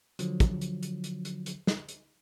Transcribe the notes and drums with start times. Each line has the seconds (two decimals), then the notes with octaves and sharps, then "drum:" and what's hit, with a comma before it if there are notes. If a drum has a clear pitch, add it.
0.19 D3 F3 F#3, drum: hi-hat
0.40 drum: kick, hi-hat
0.61 drum: hi-hat
0.83 drum: hi-hat
1.04 drum: hi-hat
1.25 drum: hi-hat
1.46 drum: hi-hat
1.67 drum: snare
1.89 drum: hi-hat